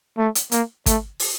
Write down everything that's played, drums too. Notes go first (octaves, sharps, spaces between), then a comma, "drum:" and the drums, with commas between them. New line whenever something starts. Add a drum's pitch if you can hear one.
A3
drum: hi-hat
A#3, drum: hi-hat
A3, drum: kick, hi-hat
drum: open hi-hat